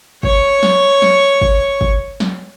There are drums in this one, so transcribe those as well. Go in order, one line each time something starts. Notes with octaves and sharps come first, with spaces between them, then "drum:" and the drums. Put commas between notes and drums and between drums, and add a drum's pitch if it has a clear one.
C#5 C#6, drum: kick
drum: snare
drum: snare
drum: kick
drum: kick
drum: snare